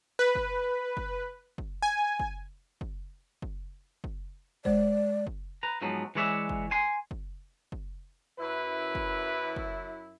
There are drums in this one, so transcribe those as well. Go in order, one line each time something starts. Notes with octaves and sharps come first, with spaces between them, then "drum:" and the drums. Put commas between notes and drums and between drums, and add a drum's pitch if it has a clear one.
B4
drum: kick
drum: kick
drum: kick
G#5
drum: kick
drum: kick
drum: kick
drum: kick
G#3 C5 D5, drum: kick
drum: kick
B4 A#5
G#2 F3 F#3 B3
E3 G#3 B4 C#5 D5 E5
drum: kick
G#5 C6
drum: kick
drum: kick
F#2 E4 B4
drum: kick
drum: kick